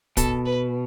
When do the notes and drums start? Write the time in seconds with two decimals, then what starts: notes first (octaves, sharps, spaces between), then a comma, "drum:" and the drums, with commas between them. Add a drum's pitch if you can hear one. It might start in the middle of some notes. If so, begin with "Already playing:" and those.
0.17 B2 A4, drum: kick, hi-hat
0.46 B4